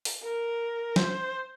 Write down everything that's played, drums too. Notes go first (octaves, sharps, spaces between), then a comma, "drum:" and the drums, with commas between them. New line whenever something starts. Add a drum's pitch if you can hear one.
drum: open hi-hat
A#4
C5, drum: snare